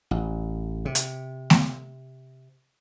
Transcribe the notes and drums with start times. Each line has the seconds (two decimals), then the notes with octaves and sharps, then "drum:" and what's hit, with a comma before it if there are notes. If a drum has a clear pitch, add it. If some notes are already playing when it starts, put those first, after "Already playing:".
0.11 A1
0.85 C3
0.95 drum: hi-hat
1.50 drum: snare A3